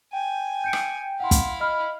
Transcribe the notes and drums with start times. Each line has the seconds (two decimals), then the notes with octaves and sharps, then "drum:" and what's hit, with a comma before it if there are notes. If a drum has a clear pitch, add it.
0.13 G5 G#5
0.64 G6 C#7 D7
0.73 drum: rim click
1.20 E4 F5 F#5 C6
1.31 drum: kick, hi-hat
1.60 D#5 B5 F6